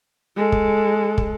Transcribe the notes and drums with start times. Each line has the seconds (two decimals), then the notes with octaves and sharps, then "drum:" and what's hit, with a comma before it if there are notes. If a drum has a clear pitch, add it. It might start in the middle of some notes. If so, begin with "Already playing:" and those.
0.36 G#3 A4
0.52 drum: kick
1.18 drum: kick